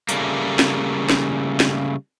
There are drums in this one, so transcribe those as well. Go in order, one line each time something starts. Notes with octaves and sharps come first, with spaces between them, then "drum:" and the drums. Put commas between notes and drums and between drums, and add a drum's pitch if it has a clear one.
C#3 G3 A3 A#3, drum: hi-hat
drum: snare
drum: snare
drum: snare